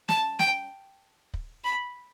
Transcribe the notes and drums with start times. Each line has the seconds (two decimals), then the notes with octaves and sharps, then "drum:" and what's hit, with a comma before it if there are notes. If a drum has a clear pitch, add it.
0.09 A5, drum: snare
0.39 G5, drum: snare
1.34 drum: kick
1.64 B5